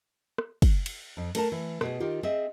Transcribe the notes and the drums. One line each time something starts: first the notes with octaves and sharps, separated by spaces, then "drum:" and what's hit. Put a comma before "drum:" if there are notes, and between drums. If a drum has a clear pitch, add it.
drum: rim click
drum: kick, cymbal
drum: cymbal
F2
A3 A#4 A5, drum: cymbal
E3
B2 G#4, drum: rim click
D#3 F4 G4
C4 G#4 D#5 E5